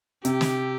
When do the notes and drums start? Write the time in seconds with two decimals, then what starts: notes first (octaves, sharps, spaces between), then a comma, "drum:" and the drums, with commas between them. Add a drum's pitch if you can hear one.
0.25 C3 G4, drum: hi-hat
0.41 drum: snare